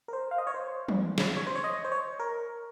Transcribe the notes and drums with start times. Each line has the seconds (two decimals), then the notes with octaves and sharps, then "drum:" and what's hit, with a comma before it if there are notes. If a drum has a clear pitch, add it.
0.08 A#4
0.13 C5
0.31 F5
0.38 D#5
0.47 C#5
0.54 C5
0.89 drum: tom
1.18 drum: snare
1.37 C#5
1.47 C5
1.56 C#5
1.64 D#5
1.84 C5
1.92 C#5
2.20 A#4